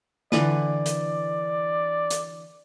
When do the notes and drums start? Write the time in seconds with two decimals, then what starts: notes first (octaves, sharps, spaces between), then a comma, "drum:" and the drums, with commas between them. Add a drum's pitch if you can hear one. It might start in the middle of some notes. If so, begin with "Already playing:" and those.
0.32 D3 E3 B4 D5, drum: snare
0.86 drum: hi-hat
2.11 drum: hi-hat